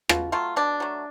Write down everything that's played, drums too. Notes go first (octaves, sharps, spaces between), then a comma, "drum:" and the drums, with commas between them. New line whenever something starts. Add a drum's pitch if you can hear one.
B2 F4, drum: rim click
F#3 A3 F4
B2 D4
F#3 A3